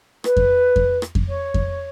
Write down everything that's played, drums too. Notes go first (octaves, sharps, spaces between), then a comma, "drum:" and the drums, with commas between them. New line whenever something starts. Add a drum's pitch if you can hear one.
B4, drum: rim click
drum: kick F2
drum: kick F2
drum: rim click
drum: kick F2
C#5
drum: kick F2